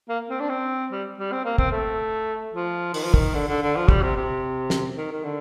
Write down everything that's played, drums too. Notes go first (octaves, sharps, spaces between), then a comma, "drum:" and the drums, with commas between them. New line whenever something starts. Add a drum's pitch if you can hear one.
A#3
C4
D4
C4
G3
G3
C4
A#3
C4, drum: kick
A3
F3
D#3, drum: open hi-hat
F3
D#3, drum: kick
D3
D3
D3
F3
G3, drum: kick
C3
C3
drum: snare
D#3
D#3
D3